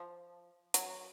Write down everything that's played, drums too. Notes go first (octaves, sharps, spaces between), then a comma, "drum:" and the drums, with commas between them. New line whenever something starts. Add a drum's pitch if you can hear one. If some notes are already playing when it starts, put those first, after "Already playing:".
Already playing: F3
F#3, drum: hi-hat